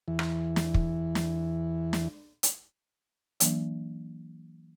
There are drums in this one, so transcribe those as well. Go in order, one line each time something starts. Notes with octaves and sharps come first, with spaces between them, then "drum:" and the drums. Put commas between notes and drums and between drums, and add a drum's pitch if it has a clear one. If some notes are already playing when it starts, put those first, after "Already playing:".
E2 E3
drum: rim click
drum: snare
drum: kick
drum: snare
drum: snare
drum: hi-hat
E3 F#3 A#3 D4, drum: hi-hat